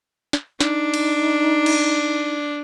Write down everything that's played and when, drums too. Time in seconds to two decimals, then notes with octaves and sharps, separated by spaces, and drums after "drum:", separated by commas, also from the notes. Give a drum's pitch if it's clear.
0.33 drum: snare
0.60 D4 D#4, drum: snare
0.94 drum: cymbal
1.66 drum: cymbal